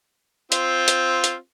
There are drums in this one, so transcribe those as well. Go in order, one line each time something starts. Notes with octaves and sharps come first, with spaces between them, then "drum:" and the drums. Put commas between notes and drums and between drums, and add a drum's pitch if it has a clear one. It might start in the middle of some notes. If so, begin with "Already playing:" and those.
C4 F4, drum: hi-hat
drum: hi-hat
drum: hi-hat